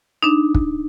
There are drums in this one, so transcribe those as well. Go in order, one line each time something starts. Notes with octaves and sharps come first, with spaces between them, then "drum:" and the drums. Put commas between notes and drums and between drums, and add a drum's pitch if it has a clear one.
D4 D#4
drum: kick